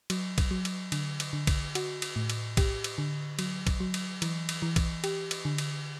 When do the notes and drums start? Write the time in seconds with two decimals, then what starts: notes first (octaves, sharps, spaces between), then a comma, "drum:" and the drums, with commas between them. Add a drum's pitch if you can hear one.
0.10 F#3, drum: cymbal
0.38 drum: kick A#1, cymbal
0.51 F#3
0.65 drum: cymbal
0.92 D3, drum: cymbal
1.20 drum: cymbal
1.33 D3
1.47 drum: kick A#1, cymbal
1.75 F#4, drum: cymbal
2.02 drum: cymbal
2.16 A2
2.30 drum: cymbal
2.57 G4, drum: kick A#1, cymbal
2.84 drum: cymbal
2.98 D3
3.39 F#3, drum: cymbal
3.67 drum: kick A#1, cymbal
3.80 F#3
3.94 drum: cymbal
4.22 E3, drum: cymbal
4.49 drum: cymbal
4.62 E3
4.76 drum: kick A#1, cymbal
5.04 G4, drum: cymbal
5.31 drum: cymbal
5.45 D3
5.58 drum: cymbal